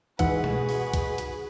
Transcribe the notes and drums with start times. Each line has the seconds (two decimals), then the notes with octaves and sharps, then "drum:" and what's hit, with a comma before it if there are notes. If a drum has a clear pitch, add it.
0.19 G#2 E3 F#4 G#4 B4 F#5, drum: kick C2, hi-hat
0.44 drum: tom B2
0.69 drum: open hi-hat
0.93 drum: kick C2, hi-hat
1.18 drum: hi-hat